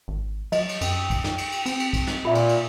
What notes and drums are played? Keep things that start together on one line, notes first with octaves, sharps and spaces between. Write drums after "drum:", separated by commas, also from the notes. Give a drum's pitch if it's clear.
G#1
F#3 D#5, drum: cymbal
drum: cymbal
F#2 G5, drum: cymbal
drum: kick, cymbal
drum: snare
drum: cymbal
drum: cymbal
C4, drum: cymbal
drum: cymbal
drum: kick, cymbal
drum: snare
A#2 F4 E5 B5
drum: cymbal
drum: cymbal